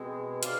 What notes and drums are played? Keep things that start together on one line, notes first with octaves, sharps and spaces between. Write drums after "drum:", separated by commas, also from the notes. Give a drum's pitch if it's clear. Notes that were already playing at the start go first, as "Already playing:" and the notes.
Already playing: B2 G#3 C4
C3 D#3 D5 F5, drum: hi-hat